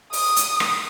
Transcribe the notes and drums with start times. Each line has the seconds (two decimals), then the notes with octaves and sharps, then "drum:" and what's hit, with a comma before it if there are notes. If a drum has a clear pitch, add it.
0.13 D#6, drum: open hi-hat
0.36 drum: hi-hat
0.60 drum: rim click